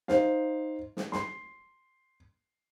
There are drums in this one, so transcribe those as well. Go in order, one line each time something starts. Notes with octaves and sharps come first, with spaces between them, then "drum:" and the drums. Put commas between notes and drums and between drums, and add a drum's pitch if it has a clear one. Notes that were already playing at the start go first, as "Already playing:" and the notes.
D#4 C5 F5, drum: snare
drum: snare
C6, drum: snare